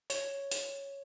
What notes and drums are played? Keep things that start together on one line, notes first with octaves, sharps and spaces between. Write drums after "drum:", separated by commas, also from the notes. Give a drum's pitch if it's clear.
C#5, drum: hi-hat
drum: hi-hat